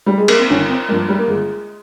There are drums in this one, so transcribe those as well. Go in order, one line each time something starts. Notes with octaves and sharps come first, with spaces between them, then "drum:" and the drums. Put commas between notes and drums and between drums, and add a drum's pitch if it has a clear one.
G3
G#3
A#3, drum: cymbal
C4
G1 C#4
C4
G2 F3 A#3
G3
A#3
G1 G#3